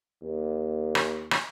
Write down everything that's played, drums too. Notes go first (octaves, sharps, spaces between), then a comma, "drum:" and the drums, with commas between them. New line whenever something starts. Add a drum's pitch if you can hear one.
D#2
drum: rim click
drum: rim click